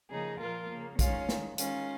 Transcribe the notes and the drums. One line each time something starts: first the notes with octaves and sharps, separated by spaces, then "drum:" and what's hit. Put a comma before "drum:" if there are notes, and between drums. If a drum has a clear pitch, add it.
C#3 F3 A#3 D#4 G#4
A#2 F3 A#3 F4 A#4
C#3 A#3
D#3 G#3 C#4 F4, drum: kick, hi-hat
D#3 G#3, drum: snare
D#3 G#3 C#4 F4, drum: hi-hat